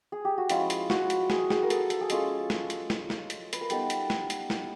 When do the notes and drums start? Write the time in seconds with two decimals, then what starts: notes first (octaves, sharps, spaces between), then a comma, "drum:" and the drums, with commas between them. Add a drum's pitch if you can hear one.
0.12 G#4
0.25 G4
0.38 F#4
0.50 F3 G#3 C#4 E4 F4, drum: hi-hat
0.70 drum: hi-hat
0.90 F#4, drum: snare
1.10 drum: hi-hat
1.30 G#4, drum: snare
1.50 G#4, drum: snare
1.63 A#4
1.70 A4, drum: hi-hat
1.90 A4, drum: hi-hat
2.01 G#4
2.10 G#3 C#4 F4 A4, drum: hi-hat
2.50 drum: snare
2.70 drum: hi-hat
2.90 drum: snare
3.10 drum: snare
3.30 drum: hi-hat
3.53 B4, drum: hi-hat
3.61 A#4
3.70 G3 B3 D#4 A4, drum: hi-hat
3.90 drum: hi-hat
4.10 drum: snare
4.30 drum: hi-hat
4.50 drum: snare